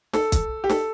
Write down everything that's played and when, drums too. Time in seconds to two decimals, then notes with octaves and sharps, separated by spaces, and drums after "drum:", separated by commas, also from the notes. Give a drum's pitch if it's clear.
0.13 A4, drum: snare
0.32 drum: kick, hi-hat
0.64 G4
0.69 A4, drum: snare